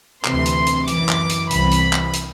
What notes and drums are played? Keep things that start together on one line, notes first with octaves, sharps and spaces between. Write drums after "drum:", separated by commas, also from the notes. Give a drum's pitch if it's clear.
D2 C3 E3 C6, drum: clap
drum: hi-hat
drum: hi-hat
F#2 E3 D6, drum: hi-hat
drum: clap
drum: hi-hat
C2 C3 E3 B5, drum: hi-hat
drum: hi-hat
drum: clap
drum: hi-hat